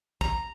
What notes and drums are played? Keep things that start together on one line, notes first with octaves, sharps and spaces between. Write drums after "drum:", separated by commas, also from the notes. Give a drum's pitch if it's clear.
A#5, drum: kick